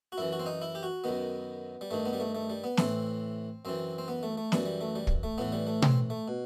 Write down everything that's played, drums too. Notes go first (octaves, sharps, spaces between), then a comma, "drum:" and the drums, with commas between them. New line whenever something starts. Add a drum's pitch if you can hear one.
F#4
F#2 E3 E4
F#4
C4
D#4
E4
G4
F#4
F#2 D#3 B3
G3
G2 D#3 A3
B3
G3
A3
A3
G3
B3
A2 E3 C4, drum: snare
F#2 E3 C4
C4
B3
A3
A3
F#2 E3 G3, drum: snare
G3
A3
G3
drum: kick
A3
A2 E3 B3
G3
A3
C4, drum: tom B2
A3
B2